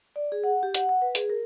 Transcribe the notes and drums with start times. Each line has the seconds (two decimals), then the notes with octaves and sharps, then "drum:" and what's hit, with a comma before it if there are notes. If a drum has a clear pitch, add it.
0.16 D5
0.32 G#4
0.44 F#5
0.63 G4
0.75 F#5, drum: hi-hat
0.89 F#5
1.02 B4
1.15 G#4, drum: hi-hat
1.29 A#4